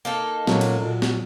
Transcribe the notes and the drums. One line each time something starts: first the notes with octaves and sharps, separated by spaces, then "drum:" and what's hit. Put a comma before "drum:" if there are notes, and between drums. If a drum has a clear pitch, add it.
A#3 D#4 A4
A#2 F#3 C#4 F4, drum: snare
drum: cymbal
A#2 F#3
drum: snare